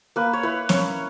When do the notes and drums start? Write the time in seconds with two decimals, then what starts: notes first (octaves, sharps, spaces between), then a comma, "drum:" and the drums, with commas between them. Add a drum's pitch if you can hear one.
0.16 A#3 B4
0.33 C#5
0.43 E4 B4
0.69 C#4 C#5, drum: snare